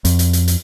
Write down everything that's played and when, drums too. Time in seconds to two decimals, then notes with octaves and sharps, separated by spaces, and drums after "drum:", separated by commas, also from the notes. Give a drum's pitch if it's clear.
0.05 F2, drum: hi-hat
0.19 drum: hi-hat
0.33 drum: hi-hat
0.48 drum: hi-hat